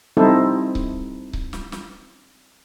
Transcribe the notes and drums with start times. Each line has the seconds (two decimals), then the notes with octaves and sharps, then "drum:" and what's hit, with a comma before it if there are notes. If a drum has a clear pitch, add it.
0.17 G3 C4 D#4 E4 A4 C5
0.75 drum: kick C#1
1.33 drum: kick C#1
1.53 drum: snare
1.72 drum: snare